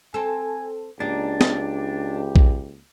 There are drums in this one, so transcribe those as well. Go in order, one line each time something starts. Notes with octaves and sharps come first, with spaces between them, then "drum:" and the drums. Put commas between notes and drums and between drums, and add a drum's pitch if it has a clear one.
C4 A4 G#5
C#2 A#3 D4 D#4 G4
drum: snare
drum: kick A#1